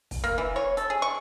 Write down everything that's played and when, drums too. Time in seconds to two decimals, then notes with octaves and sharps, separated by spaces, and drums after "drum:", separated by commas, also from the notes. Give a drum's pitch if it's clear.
0.11 drum: kick, open hi-hat
0.24 A#3
0.38 E3
0.56 C#5
0.77 A4, drum: hi-hat
0.90 G#4
1.02 C#6